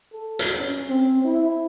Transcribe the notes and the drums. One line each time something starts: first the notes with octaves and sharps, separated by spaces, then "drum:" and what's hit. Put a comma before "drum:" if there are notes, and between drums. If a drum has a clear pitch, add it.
A4
drum: hi-hat
C#4
C4
E4